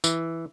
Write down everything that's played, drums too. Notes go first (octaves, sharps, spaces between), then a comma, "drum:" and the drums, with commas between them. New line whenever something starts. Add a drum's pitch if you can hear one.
E3, drum: tambourine